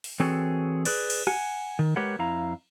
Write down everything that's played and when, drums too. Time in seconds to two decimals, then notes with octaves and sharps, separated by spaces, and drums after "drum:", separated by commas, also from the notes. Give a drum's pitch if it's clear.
0.04 drum: open hi-hat
0.20 E3 C4 F#4 G#4 A4 C#5
0.85 G#4 B4 D5, drum: cymbal
1.10 drum: cymbal
1.27 F#5 G#5, drum: rim click
1.79 D#3
1.96 G#3 G4 A#4 B4 C#5 F#5
2.19 F2 E4 F5 A#5